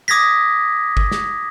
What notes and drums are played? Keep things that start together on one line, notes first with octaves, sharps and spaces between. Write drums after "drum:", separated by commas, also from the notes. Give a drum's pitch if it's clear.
D6 D#6 G#6 A#6 B6
drum: kick G1
drum: snare